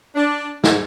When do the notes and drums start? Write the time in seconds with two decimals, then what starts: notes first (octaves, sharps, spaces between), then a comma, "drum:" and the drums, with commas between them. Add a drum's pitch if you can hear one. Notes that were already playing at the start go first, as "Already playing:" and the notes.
0.15 D4
0.64 G#2, drum: snare